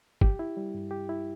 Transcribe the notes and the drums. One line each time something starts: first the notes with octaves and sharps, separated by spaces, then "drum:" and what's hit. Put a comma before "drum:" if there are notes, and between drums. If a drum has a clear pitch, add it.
G4, drum: kick
E4
G3
G2
G4
E4